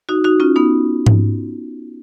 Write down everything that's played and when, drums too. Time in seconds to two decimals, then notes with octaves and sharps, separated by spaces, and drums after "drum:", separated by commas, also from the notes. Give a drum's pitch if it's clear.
0.09 D#4 F#4
0.24 D#4 F#4
0.40 C#4 F4
0.56 B3 D#4
1.06 drum: tom G#2